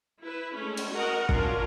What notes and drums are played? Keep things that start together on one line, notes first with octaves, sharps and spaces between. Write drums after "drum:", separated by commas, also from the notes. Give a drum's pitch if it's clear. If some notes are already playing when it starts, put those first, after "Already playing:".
E4 B4
G#3 A3 C#4
drum: cymbal
F#4 A#4 D#5 F#5
C#4 D4 F4 A#4, drum: kick A1